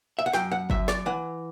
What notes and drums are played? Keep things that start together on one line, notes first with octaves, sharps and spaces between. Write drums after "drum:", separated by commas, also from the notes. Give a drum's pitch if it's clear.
E5
F#5
F#2 G5, drum: snare
F#5
F#2 E5, drum: kick G1
D5, drum: snare
E3 F#5